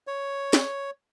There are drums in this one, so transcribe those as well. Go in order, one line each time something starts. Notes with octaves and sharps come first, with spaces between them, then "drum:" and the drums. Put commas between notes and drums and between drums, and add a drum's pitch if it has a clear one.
C#5
drum: snare